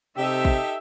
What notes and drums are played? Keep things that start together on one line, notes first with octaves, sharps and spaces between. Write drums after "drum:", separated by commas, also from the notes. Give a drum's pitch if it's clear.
C3 D#4 G4 A4 E5
drum: kick